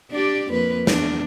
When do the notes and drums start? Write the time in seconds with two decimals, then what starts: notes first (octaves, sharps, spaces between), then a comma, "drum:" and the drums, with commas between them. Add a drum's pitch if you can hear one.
0.11 D4 G4 D5
0.51 F2 A#3 B4
0.87 E2 D4, drum: snare